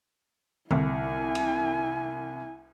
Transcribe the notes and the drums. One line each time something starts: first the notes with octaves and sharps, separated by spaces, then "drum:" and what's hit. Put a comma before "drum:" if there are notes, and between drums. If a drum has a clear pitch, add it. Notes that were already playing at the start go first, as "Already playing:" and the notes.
C2 E4 G#5, drum: tom D3
drum: cymbal